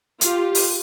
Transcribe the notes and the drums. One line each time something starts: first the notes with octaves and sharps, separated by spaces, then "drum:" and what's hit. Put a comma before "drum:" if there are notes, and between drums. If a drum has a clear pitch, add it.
F4 G4, drum: hi-hat
drum: open hi-hat